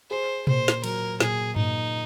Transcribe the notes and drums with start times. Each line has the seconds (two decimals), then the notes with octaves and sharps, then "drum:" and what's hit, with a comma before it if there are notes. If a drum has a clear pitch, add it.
0.10 G#4 C5
0.47 A#2 C5, drum: tom B2
0.68 drum: snare
0.84 F#3 A#4, drum: cymbal
1.20 A#2 G#4, drum: snare
1.56 A#2 D#4, drum: tom G2